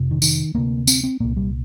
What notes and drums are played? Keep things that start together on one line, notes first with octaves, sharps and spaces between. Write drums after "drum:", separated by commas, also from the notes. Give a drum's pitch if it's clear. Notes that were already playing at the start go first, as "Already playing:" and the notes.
Already playing: F1 F2 C3
D#3
D#3, drum: tambourine
D2 C3 A#3
C4, drum: tambourine
C4
C2 A#2 A#3
G3